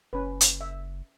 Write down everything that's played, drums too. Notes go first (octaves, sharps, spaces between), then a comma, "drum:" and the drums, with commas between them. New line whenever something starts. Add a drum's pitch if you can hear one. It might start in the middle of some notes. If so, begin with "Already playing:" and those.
F#1 C#4 B4
drum: hi-hat
E5